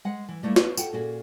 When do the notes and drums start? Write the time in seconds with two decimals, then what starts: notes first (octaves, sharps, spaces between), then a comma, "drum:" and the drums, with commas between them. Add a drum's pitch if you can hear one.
0.05 G#3 F#5
0.29 E3
0.43 G3 A3 A#3 E4 C#5
0.56 B3, drum: snare
0.77 A4 F#5 G5, drum: tambourine
0.93 A#2 C#4 F#4 G#4